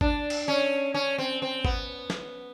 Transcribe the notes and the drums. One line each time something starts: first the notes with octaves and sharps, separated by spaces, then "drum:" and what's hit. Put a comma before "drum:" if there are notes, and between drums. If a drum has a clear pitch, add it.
D4, drum: kick G#1
drum: cymbal
C#4
C#4
C4
C4
B3, drum: kick G#1
drum: snare